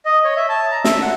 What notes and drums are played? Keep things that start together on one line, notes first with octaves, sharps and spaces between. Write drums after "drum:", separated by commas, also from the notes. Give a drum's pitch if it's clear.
D#5
C#5
E5
A5
A#5
E5, drum: snare
F#5